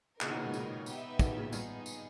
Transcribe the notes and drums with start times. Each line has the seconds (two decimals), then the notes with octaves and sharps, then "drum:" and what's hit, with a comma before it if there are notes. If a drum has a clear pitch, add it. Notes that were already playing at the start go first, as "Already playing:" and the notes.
0.21 A#2 C#3 B3 D#4 A#4, drum: clap
0.29 B2 D#3
0.37 A#2 C#3
0.45 G#2 B2
0.54 A#2 C#3, drum: tambourine
0.86 B3 D#4 G4 B4 E5, drum: tambourine
1.19 B2 D#3, drum: kick, tambourine
1.37 A#2 C#3
1.53 G2 A#2 B3 D#4 G#4, drum: tambourine
1.86 drum: tambourine